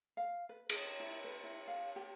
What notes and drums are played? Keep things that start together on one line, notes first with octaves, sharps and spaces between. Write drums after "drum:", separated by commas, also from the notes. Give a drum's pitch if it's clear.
F5
B4
G#4, drum: cymbal
E4
B4
E4
F5
G4